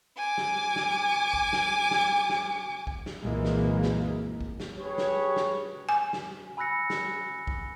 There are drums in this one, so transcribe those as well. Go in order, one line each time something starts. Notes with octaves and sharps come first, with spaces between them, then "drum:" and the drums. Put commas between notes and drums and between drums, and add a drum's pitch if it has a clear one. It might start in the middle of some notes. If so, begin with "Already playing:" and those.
G#5 D6
drum: snare
drum: snare
drum: kick A#1
drum: snare
drum: snare
drum: snare
drum: kick A#1
drum: snare
C2 F#2 A#2 E3 G#3 A#3
drum: snare
drum: snare
drum: kick A#1
drum: snare
G4 G#4 B4 C#5
drum: snare
drum: snare
G#5
drum: snare
G#5 B5 E6 F#6 A#6 C#7
drum: snare
drum: kick A#1